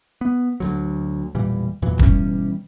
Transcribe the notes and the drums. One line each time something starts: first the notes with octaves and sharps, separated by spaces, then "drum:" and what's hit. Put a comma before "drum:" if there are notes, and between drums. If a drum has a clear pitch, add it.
B3
D2 F#3
E1 A#2 E3 G3
E2 A#2 E3 F#3
B2 E3 G3 C#4, drum: kick